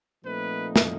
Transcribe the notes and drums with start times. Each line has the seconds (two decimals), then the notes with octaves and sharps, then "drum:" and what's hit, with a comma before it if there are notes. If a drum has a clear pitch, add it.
0.25 A#2 F3 A3 C4 D#4 B4
0.76 drum: snare